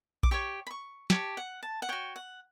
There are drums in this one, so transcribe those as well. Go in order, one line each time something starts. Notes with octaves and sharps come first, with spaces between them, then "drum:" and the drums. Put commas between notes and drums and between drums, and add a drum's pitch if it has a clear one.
D6, drum: kick A#1
G4 C#5 C#6
B5
C#6
G4 C#5 A5, drum: snare
F#5
A5
F#5
F#4 C#5 G5
F#5